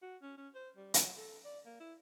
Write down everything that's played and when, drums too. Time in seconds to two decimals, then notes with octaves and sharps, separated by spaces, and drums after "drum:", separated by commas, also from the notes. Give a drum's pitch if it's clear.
0.02 F#4
0.22 C#4
0.37 C#4
0.55 C5
0.77 G3
0.94 F#3, drum: hi-hat
1.17 A4
1.44 D5
1.66 A#3
1.80 E4